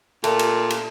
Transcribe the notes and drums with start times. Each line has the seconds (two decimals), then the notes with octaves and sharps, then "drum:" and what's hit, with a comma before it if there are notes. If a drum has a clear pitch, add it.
0.24 A#2 A3, drum: cymbal
0.39 drum: cymbal
0.70 drum: cymbal